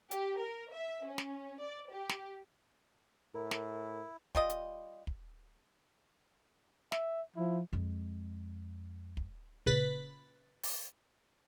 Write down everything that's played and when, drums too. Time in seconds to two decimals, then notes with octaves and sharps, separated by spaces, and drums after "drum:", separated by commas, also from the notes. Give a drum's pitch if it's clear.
0.11 G4, drum: hi-hat
0.40 A#4
0.73 E5
1.06 C#4
1.18 drum: snare
1.60 D5
1.91 G4
2.09 drum: snare
3.35 A2 E4 A#4
3.51 drum: snare
4.35 G3 F4 D#5, drum: kick
4.50 drum: hi-hat
5.07 drum: kick
6.92 E5, drum: snare
7.36 F3 E4
7.73 F2 G#3
9.17 drum: kick
9.66 A#2 C#3 B4 F#6 A6 B6, drum: kick
10.63 drum: open hi-hat